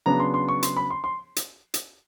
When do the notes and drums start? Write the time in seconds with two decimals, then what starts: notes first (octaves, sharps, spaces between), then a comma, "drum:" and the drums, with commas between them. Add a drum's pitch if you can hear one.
0.06 C#3 F#3 B3 D4 A#5
0.20 C6
0.34 C6
0.48 C#6
0.63 C6, drum: hi-hat
0.76 B5
0.90 C6
1.04 C6
1.36 drum: hi-hat
1.74 drum: hi-hat